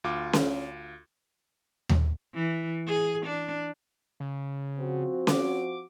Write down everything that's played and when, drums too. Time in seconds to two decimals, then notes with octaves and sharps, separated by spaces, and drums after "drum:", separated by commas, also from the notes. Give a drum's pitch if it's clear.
0.04 D2 F4 D6
0.33 drum: snare C#4
1.89 drum: tom D#2
2.34 E3
2.87 G#4
3.26 D4
4.20 C#3
4.79 F3 C4 F#4
5.27 D6, drum: snare C#4